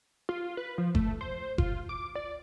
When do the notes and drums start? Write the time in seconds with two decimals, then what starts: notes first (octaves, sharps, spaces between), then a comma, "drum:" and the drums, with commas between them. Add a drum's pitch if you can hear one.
0.29 F4
0.57 B4
0.78 F3
0.95 A3, drum: kick F#1
1.21 C5
1.58 F4, drum: kick F#1
1.89 D6
2.15 D5